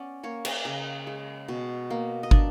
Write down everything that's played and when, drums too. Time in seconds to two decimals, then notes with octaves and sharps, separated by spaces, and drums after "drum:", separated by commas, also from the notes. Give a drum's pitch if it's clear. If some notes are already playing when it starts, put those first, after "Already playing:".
Already playing: B3 C#4 D5
0.23 A#3 C#5
0.45 D5, drum: cymbal
0.65 C#3 D#5
1.07 G#3
1.48 B2
1.90 A#3
2.23 D#5
2.31 D4 D5, drum: kick